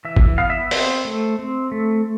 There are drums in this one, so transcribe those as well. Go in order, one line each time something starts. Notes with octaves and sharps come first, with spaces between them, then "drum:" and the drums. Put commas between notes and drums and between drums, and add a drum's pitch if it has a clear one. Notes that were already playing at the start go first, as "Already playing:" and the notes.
E3 E5
drum: kick G1
B3 F5
E5
C4 C5, drum: open hi-hat
A3
C4
A3